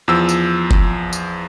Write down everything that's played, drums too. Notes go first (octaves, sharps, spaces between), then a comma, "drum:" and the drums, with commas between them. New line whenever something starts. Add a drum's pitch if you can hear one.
E2 F3 E6
drum: tambourine
drum: kick F#1
drum: tambourine